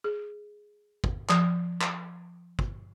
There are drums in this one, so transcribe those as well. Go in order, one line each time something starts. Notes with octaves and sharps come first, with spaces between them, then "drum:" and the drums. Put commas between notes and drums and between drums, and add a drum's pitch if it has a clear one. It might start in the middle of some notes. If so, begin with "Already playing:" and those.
G#4
drum: kick
F3, drum: clap
drum: clap
drum: kick